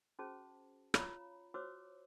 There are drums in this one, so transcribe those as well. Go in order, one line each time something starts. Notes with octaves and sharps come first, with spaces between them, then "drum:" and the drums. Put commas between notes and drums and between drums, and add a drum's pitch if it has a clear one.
C#4 F#4 G#4 C5 A5
F4 C#5 F5 A#5 B5, drum: rim click
F#4 C5 C#5 D6 E6